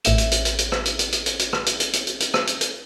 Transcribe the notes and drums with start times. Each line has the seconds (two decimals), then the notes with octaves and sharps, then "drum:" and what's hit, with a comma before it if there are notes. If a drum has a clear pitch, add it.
0.04 A1 E5 E7, drum: hi-hat
0.18 drum: hi-hat
0.31 drum: hi-hat
0.45 drum: hi-hat
0.58 drum: hi-hat
0.72 drum: rim click
0.85 drum: hi-hat
0.99 drum: hi-hat
1.12 drum: hi-hat
1.26 drum: hi-hat
1.39 drum: hi-hat
1.53 drum: rim click
1.66 drum: hi-hat
1.80 drum: hi-hat
1.93 drum: hi-hat
2.07 drum: hi-hat
2.20 drum: hi-hat
2.34 drum: rim click
2.47 drum: hi-hat
2.61 drum: hi-hat